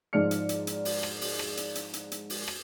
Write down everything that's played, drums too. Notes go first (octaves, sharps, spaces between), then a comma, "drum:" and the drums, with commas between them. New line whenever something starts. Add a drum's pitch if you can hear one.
G#2 F3 G#3 D5 F6 C#7
drum: hi-hat
drum: hi-hat
drum: hi-hat
drum: open hi-hat
drum: rim click
drum: open hi-hat
drum: rim click
drum: hi-hat
drum: hi-hat
drum: hi-hat
drum: hi-hat
drum: open hi-hat
drum: rim click